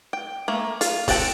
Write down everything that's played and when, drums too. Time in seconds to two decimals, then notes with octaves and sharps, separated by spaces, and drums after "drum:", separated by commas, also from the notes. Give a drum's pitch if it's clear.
0.13 G5
0.48 A3 A#3
0.81 F4, drum: hi-hat
1.08 C4 A4 F#5 G5 A5, drum: kick F1, open hi-hat